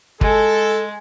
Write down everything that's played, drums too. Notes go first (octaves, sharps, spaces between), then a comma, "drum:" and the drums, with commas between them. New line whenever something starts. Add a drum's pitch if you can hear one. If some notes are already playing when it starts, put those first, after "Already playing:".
G#3 A4, drum: kick